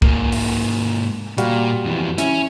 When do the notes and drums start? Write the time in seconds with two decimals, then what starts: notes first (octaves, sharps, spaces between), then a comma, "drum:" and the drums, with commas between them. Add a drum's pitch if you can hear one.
0.02 G#2 A#3, drum: kick
0.32 drum: open hi-hat
1.38 A#2 G3 F#4 F5, drum: hi-hat
1.84 F2 E3
2.18 C#4 E4, drum: hi-hat